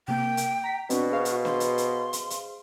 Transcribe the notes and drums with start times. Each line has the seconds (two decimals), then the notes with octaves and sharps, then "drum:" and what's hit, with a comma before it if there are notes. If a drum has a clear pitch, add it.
0.08 C3 A#3 G5
0.37 drum: hi-hat
0.64 A#5 B6
0.90 B2 C4 D4 F#4, drum: hi-hat
1.12 G#4 C5 F5
1.25 drum: hi-hat
1.45 C6, drum: snare
1.60 drum: hi-hat
1.78 drum: hi-hat
2.13 drum: hi-hat
2.30 drum: hi-hat